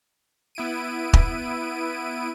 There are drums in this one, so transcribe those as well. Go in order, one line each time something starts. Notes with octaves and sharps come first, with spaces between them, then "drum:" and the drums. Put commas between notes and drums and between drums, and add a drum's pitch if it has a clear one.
B3 E4 D7 D#7
drum: kick